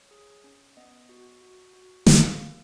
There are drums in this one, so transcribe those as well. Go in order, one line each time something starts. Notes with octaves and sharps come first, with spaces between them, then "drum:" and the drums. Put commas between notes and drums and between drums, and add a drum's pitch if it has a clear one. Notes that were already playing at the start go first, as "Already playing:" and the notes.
Already playing: C#5
G#4
C#4
B3 D#5
F#4
F#4
F#4
A#3 F5, drum: snare
A#3